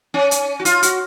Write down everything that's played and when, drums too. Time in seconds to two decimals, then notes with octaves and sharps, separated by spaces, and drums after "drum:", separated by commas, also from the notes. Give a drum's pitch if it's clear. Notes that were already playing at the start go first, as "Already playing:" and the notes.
0.14 C#4
0.31 drum: hi-hat
0.60 F#4
0.65 F4, drum: hi-hat
0.83 F#4, drum: hi-hat